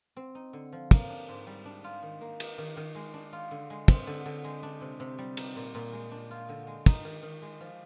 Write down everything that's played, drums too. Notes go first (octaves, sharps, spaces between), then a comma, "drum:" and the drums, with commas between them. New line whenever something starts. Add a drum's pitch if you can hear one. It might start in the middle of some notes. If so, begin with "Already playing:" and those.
C4
D#4
D3
F3
A#3, drum: kick, cymbal
D4
G#2
G3
D4
F4
D#3
A#3
D#4, drum: cymbal
D#3
D#3
G#3
D4
F4
D3
G#3
C4, drum: kick, cymbal
D3
D3
G#3
D4
C3
C3
G3
D#4, drum: cymbal
A#2
A#2
G#3
D4
F4
D3
G#3
D#4, drum: kick, cymbal
D#3
D#3
G#3
F3